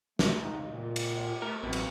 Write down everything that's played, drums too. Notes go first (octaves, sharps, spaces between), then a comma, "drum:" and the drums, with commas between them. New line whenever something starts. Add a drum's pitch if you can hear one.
C#2 A3, drum: snare
D#4
A#2
drum: cymbal
A3 A#4
A1 F#2 B2 C4
drum: cymbal